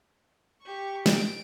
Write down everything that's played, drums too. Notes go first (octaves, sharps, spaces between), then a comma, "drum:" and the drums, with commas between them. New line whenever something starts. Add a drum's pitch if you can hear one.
G4 C#6
D7, drum: snare